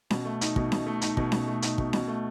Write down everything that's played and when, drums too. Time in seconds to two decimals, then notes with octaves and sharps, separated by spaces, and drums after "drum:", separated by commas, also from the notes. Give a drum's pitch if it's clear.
0.10 B2, drum: snare C#4
0.25 A3
0.41 D#4, drum: hi-hat
0.56 B2, drum: kick
0.72 B2, drum: snare C#4
0.86 A3
1.01 D#4, drum: hi-hat
1.17 B2, drum: kick
1.32 B2, drum: snare C#4
1.48 A3
1.62 D#4, drum: hi-hat
1.78 B2, drum: kick
1.93 B2, drum: snare C#4
2.08 A3